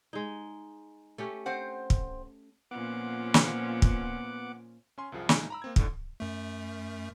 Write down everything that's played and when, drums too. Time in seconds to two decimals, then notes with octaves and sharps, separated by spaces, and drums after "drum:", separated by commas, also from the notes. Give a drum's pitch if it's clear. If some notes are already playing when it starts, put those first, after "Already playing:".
0.13 G#3 D#4
1.18 A3 C#4 G4
1.46 C4 C5 F#5
1.90 drum: kick
2.71 A#2 F3 B3 C#4 F#5 D6
3.34 drum: snare
3.82 drum: kick
4.98 C#4 G#5 C6
5.12 C2 F#2 F3 G#4
5.29 A2 G#3 D#4 G#5 D7, drum: snare
5.50 A#5 B5 E6
5.62 A#3 C4 G#6
5.76 C#2 A2 D3, drum: kick
6.20 F#2 A3